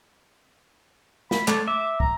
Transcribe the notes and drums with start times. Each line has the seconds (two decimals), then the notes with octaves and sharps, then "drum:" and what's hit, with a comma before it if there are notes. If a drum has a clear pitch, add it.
1.31 B5, drum: snare
1.48 A3 D5, drum: clap
1.68 E5 D6
2.00 A#5, drum: kick